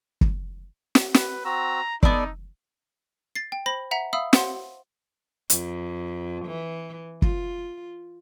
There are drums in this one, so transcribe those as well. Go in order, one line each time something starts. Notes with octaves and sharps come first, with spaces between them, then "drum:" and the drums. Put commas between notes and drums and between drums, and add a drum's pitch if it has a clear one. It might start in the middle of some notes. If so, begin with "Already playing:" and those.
drum: kick
drum: snare
B4, drum: snare
C4 F#4 A#5 E6
B3 D#4 A4 D5, drum: kick
A6 C7
G5
C5 B5 A#6 F#7
E5 F#5 A#5 B6
E5 F5 B5 D#6 E6
C5 F#5 C6, drum: snare
F2, drum: hi-hat
E3
F4, drum: kick